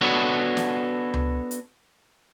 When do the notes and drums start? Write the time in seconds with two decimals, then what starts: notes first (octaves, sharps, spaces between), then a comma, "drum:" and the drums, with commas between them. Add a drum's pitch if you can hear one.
0.01 B3 D4 F#4 A4 C#5
0.57 drum: snare
1.14 drum: tom C#2
1.51 drum: hi-hat